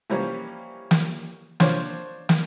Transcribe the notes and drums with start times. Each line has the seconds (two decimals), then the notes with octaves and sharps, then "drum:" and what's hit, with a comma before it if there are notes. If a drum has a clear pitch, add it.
0.10 E3 F3 G3 A#3 C#4
0.91 drum: snare
1.60 D4 F4 C5 C#5 C6, drum: snare
2.29 drum: snare